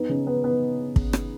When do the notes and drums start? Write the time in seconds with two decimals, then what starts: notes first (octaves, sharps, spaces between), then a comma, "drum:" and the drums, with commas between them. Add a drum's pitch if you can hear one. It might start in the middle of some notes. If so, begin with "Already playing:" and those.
Already playing: B3 D#4
0.09 C#3
0.27 B3
0.44 B3
0.96 drum: kick
1.13 drum: rim click